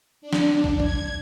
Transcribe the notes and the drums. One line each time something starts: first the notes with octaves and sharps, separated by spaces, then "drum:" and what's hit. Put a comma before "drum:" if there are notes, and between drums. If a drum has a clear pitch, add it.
D4
drum: snare
drum: kick
G#6, drum: kick